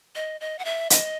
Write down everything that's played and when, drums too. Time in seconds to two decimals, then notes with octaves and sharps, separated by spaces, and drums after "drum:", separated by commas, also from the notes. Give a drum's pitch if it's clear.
0.15 D#5
0.41 D#5
0.59 F#5
0.65 E5
0.90 D#5, drum: hi-hat